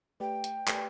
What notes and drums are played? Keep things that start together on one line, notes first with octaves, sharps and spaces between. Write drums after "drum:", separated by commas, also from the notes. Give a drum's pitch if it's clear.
A3 G4 B4 D5 G5
drum: hi-hat
A3 G4 B4 D5, drum: clap